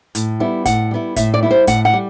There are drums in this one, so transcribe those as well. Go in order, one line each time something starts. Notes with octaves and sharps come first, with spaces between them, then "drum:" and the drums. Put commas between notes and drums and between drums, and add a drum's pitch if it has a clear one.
A2, drum: hi-hat
G3 B3 E4
A2 F#5, drum: kick G1, hi-hat
G3 B3 E4
A2 E5, drum: kick G1, hi-hat
D5
G3 B3 E4
C5
A2 F#5, drum: kick G1, hi-hat
F#5
G3